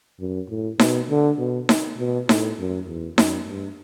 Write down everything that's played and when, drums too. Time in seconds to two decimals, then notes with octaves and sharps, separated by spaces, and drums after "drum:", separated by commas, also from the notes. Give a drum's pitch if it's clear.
0.20 F#2
0.50 A2
0.79 B2, drum: snare D#4
1.10 D3
1.38 B2
1.69 drum: snare D#4
1.98 B2
2.29 A2, drum: snare D#4
2.59 F#2
2.88 E2
3.18 F#2, drum: snare D#4
3.48 G2